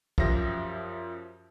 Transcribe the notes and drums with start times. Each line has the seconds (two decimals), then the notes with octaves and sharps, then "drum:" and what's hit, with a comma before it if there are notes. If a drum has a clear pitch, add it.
0.18 F#2 F3 G4 E5 A#6, drum: kick